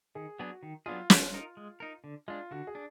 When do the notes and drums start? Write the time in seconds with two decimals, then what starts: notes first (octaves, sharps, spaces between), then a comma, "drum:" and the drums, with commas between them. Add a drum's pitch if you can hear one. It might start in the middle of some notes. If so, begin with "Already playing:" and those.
0.15 D#3 G#4
0.39 F#3 B3 D4 F#4 G#4
0.63 D#3
0.86 F#3 B3 D4 F4 G#4
1.10 G#3 F4, drum: snare
1.34 D#4 A#4
1.57 G#3
1.80 D#4 A#4
2.04 D3
2.28 G#3 D4 F4
2.51 D3 F#4
2.67 G#4
2.75 D4